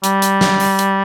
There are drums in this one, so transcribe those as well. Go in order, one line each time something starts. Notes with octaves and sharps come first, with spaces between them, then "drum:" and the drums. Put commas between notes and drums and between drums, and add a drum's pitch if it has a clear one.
G3, drum: hi-hat
drum: hi-hat
drum: snare
drum: open hi-hat
drum: hi-hat